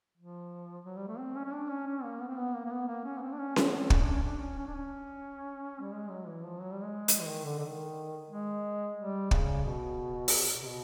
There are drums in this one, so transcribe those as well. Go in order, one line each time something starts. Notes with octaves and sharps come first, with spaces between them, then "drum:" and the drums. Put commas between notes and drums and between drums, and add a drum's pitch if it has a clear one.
F3
F#3
G3
A3
C4
C#4
C#4
D4
C#4
C#4
A#3
B3
C4
B3
A#3
A#3
B3
A#3
C#4
B3
C4
D4
C#4
C4, drum: snare C#4
B3
C4
C#4, drum: kick
D4
C#4
D4
C#4
C#4
D4
C#4
G3
G#3
F#3
E3
F3
F#3
G3
G#3
drum: hi-hat
E3
D#3
D3
D3
D#3
G#3
G3
C#3, drum: kick
B2
drum: open hi-hat
C3
B2